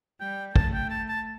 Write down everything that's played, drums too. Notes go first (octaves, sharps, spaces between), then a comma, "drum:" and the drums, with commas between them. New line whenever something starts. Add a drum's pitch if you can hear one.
G3 G5
A3 A5, drum: kick
G5
A5
A5